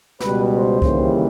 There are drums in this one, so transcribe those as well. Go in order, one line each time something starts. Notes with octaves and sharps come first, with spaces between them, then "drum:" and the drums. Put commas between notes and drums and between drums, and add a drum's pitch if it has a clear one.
C#2 B2 G3 B4, drum: snare
C5
D#2 C#3 E3 G3, drum: kick C2